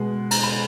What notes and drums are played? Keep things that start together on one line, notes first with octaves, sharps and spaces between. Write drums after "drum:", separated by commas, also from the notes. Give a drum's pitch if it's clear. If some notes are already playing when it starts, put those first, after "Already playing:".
Already playing: B2 G#3 B3
A#5, drum: cymbal
B5